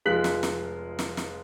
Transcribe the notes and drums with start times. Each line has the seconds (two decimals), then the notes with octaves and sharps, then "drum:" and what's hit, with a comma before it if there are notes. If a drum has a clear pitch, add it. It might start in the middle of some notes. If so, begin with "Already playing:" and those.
0.06 F1 G#3 F4 F#6 B6 F#7
0.24 drum: snare
0.43 drum: snare
0.99 drum: snare
1.17 drum: snare